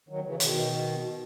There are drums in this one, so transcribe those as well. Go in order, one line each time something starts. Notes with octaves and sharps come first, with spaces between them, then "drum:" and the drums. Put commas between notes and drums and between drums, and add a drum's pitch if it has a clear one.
D#3 F#3
C#3 E3
B2 D#3, drum: hi-hat